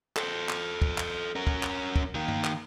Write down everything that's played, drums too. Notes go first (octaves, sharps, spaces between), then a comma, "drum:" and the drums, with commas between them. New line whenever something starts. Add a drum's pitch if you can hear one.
A4 C5, drum: clap
drum: clap
drum: kick
drum: clap
C#4 A#4
drum: kick
drum: clap
drum: kick
D#3 A#3
drum: tom G2
drum: clap